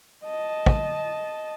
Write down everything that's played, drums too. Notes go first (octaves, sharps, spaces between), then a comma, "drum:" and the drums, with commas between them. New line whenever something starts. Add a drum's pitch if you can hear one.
D#5 A5
drum: kick